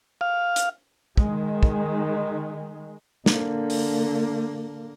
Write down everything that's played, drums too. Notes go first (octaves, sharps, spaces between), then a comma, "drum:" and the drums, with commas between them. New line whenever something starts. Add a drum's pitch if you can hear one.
F5
drum: hi-hat
D#3 G#3, drum: kick
drum: kick
D3 A#3, drum: snare
drum: open hi-hat